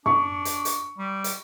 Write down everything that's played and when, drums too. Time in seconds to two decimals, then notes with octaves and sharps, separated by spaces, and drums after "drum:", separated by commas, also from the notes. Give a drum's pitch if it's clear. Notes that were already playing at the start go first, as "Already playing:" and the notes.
0.06 D4 C#6, drum: tom F#2
0.45 drum: hi-hat
0.65 drum: hi-hat
0.99 G3
1.24 drum: hi-hat